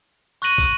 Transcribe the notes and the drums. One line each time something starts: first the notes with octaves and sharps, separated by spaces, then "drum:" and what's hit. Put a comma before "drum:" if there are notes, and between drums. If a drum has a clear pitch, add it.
C#6 F#6 A#6 D#7 F#7, drum: tambourine
drum: kick, tambourine